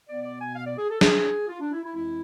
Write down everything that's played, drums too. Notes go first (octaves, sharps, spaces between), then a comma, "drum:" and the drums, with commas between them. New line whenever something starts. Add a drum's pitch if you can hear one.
B2 B3 D5
D5
G#5
F5
D5
G#4
A4
G#4, drum: snare
F4
D4
E4
E4
F2 E3 G#3 C4 E4